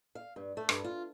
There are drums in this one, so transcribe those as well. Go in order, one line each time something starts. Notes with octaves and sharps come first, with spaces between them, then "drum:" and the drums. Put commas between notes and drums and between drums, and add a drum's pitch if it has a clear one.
F5
G2
A3
G2, drum: rim click
F4